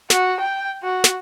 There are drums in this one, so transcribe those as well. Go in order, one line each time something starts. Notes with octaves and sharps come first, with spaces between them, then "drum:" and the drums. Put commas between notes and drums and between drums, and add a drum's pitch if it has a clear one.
F#4, drum: snare
G5
F#4
drum: snare